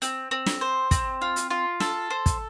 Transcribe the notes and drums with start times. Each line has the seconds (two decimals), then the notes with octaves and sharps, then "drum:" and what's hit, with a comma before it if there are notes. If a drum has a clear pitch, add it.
0.02 C4, drum: hi-hat
0.31 C4
0.46 drum: snare
0.61 C5
0.91 C4, drum: kick, hi-hat
1.22 F4
1.36 drum: hi-hat
1.50 F4
1.80 A4, drum: snare
2.10 C5
2.26 drum: kick, hi-hat